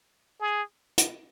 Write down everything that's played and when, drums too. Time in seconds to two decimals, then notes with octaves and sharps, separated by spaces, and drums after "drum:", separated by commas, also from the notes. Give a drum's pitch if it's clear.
0.41 G#4
0.98 drum: hi-hat